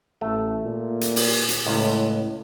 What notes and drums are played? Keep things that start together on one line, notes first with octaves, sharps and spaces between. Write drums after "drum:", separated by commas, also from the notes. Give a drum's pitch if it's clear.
A1 A3
A#2
drum: hi-hat
drum: open hi-hat
drum: hi-hat
C#2 A2